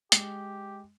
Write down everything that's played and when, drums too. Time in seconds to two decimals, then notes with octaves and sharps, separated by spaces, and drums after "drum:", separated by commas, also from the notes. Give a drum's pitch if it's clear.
0.12 G#3 G4, drum: hi-hat